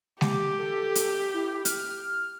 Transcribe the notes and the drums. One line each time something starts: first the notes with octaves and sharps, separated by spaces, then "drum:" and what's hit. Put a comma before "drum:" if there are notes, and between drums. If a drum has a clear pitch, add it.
G4 D6, drum: snare
A4
drum: hi-hat
E4
F6, drum: hi-hat